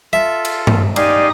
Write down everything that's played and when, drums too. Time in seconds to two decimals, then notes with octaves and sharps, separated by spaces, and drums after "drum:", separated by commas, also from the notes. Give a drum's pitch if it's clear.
0.13 F4 A4 E5
0.45 drum: cymbal
0.67 drum: tom G2
0.96 D#4 G4 D5 F5 G#5 C6 D#6, drum: cymbal